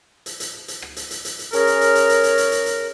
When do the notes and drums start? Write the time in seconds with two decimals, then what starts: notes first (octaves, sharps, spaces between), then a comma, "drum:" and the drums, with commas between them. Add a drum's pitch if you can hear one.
0.26 drum: hi-hat
0.40 drum: hi-hat
0.68 drum: hi-hat
0.82 drum: rim click
0.96 drum: hi-hat
1.11 drum: hi-hat
1.25 drum: hi-hat
1.39 drum: hi-hat
1.53 C#4 G#4 A#4, drum: hi-hat
1.67 drum: hi-hat
1.81 drum: hi-hat
1.95 drum: hi-hat
2.09 drum: hi-hat
2.24 drum: hi-hat
2.38 drum: hi-hat
2.52 drum: hi-hat
2.66 drum: hi-hat